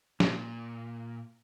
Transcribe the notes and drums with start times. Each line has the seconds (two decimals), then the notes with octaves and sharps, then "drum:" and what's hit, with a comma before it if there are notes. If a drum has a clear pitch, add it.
0.20 A#2, drum: snare